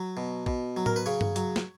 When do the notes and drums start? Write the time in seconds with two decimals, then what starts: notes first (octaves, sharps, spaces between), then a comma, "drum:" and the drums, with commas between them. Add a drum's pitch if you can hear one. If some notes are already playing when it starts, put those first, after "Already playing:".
Already playing: F#3
0.17 B2
0.46 B2, drum: kick
0.77 F#3
0.86 A#4, drum: tom A2
0.96 B4
1.06 C#3 C#5
1.21 drum: tom G2
1.36 F#3, drum: hi-hat
1.56 drum: snare